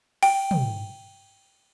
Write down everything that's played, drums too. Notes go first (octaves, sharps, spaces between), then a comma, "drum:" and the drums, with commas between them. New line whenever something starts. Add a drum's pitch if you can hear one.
G5, drum: cymbal
drum: tom